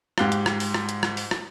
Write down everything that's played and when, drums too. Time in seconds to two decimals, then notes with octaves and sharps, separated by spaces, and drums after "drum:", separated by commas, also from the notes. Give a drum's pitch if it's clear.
0.18 G#2 G4 F5 F#6 G7, drum: rim click
0.32 drum: hi-hat
0.46 drum: rim click
0.60 drum: open hi-hat
0.74 drum: rim click
0.89 drum: hi-hat
1.03 drum: rim click
1.17 drum: open hi-hat
1.31 drum: rim click